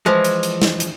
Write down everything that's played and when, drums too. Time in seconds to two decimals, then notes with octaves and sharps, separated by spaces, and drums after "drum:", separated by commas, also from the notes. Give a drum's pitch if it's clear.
0.06 E3 F3 G#3
0.24 drum: hi-hat
0.43 drum: hi-hat
0.62 drum: snare
0.80 drum: hi-hat